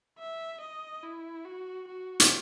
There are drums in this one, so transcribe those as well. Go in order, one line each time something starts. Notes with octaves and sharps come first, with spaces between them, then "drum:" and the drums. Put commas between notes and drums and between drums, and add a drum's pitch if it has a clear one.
E5
D#5
E4
F#4
F#4
drum: hi-hat